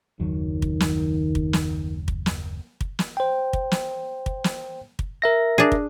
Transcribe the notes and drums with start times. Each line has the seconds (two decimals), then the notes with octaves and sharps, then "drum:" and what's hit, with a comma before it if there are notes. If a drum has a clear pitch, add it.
0.20 F#1 D#2 D#3 F#3
0.62 drum: kick
0.80 drum: snare
1.35 drum: kick
1.53 drum: snare
2.08 drum: kick
2.26 drum: snare
2.81 drum: kick
2.99 drum: snare
3.17 C5 G5
3.53 drum: kick
3.71 drum: snare
4.26 drum: kick
4.44 drum: snare
4.99 drum: kick
5.22 A#4 E5 A#6
5.58 D4 G#4
5.72 drum: kick